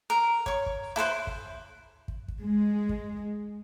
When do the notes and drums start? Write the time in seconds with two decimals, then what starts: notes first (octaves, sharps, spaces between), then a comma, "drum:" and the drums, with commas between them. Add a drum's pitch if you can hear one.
0.10 A#4
0.46 C#5 C#6, drum: kick
0.66 drum: kick
0.96 E4 A4 B4 C5
1.27 drum: kick
2.08 drum: kick
2.28 drum: kick
2.40 G#3
2.89 drum: kick